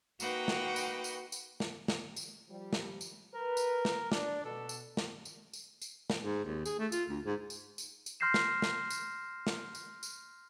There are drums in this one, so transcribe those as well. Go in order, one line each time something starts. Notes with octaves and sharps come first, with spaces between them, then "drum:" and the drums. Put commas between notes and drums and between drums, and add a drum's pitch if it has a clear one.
A#3 D#4 F#4 B4 F#5 G5, drum: tambourine
drum: snare
drum: tambourine
drum: tambourine
drum: tambourine
drum: snare
drum: snare
drum: tambourine
F3 G3
drum: snare
drum: tambourine
A#4 B4
drum: tambourine
drum: snare
D4 D5, drum: snare
B2 A4
drum: tambourine
drum: snare
drum: tambourine
drum: tambourine
drum: tambourine
drum: snare
G#2
D#2
G#4, drum: tambourine
A3
F4, drum: tambourine
D2
G#2
drum: tambourine
drum: tambourine
drum: tambourine
C6 F6 G6 A#6 C7 E7
drum: snare
drum: snare
drum: tambourine
drum: snare
drum: tambourine
drum: tambourine